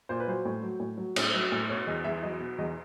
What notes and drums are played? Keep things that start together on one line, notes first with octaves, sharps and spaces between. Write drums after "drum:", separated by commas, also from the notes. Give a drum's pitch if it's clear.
A#2 C5
B4
F#3 C5
A2
F#3
A2
F#3
A2, drum: cymbal
F#3
A2
B2 C#5
E2 D#5
E2 E5
F#3 D#5
B2
E2 D#5